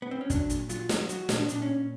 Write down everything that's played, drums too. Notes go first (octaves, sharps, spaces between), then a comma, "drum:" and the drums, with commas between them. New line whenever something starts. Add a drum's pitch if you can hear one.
B3
C4
C#4
F#3 D4, drum: kick, hi-hat
A#2, drum: hi-hat
F#3 F4, drum: hi-hat
F#3, drum: snare
F#3 F#4, drum: hi-hat
A#2, drum: snare
D4
A#2 D4, drum: hi-hat
C#4
A#2